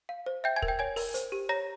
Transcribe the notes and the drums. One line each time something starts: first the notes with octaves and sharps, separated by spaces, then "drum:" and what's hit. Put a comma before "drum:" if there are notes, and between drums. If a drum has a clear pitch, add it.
F5
C5
E5 G5 G6
G#5 G#6
A#4, drum: kick
G5 G6
C#5 G#5 G#6
A#4, drum: open hi-hat
C5, drum: hi-hat
G4
C#5 A#5 A#6